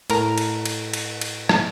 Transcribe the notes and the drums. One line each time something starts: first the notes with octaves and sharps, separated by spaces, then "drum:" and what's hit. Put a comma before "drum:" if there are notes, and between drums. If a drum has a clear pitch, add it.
A2 A#4 A#5, drum: cymbal
drum: cymbal
drum: cymbal
drum: cymbal
drum: cymbal
drum: rim click